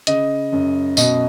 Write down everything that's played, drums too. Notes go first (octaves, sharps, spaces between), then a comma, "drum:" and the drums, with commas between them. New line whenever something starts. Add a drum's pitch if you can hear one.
C#3 D#5, drum: hi-hat
F#2
B2 D#5, drum: tambourine